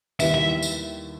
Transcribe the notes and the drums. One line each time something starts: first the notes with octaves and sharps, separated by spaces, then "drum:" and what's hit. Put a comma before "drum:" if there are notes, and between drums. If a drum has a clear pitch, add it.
D#2 D#3 G3 B3 E4 E5, drum: tambourine
E5
drum: tambourine